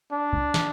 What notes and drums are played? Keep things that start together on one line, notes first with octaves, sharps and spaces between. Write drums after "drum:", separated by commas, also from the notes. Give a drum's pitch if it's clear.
D4
drum: kick C2
drum: snare